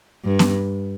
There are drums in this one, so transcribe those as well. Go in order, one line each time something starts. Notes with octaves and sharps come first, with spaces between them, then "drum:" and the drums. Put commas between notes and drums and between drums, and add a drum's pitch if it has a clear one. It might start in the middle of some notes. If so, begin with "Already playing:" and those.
G2
drum: snare